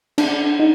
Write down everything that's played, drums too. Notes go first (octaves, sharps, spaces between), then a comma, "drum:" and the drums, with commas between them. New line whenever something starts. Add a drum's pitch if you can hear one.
D4, drum: cymbal
D#4